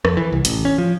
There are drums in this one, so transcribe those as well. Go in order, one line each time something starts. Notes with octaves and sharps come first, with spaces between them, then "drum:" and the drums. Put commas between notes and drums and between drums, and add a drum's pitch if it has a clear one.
F2, drum: rim click
E3
C2
A1, drum: hi-hat
C#4
F3